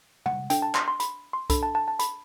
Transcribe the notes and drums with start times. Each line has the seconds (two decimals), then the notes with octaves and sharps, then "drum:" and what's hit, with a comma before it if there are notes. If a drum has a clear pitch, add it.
0.26 F#5, drum: tom
0.50 D4 A4 G5, drum: hi-hat
0.62 A5
0.75 C6, drum: clap
0.88 C6
1.00 B5, drum: hi-hat
1.33 C6
1.50 D4 A4 B5, drum: kick C2, hi-hat
1.63 A5
1.75 A5
1.88 A5
1.99 B5, drum: hi-hat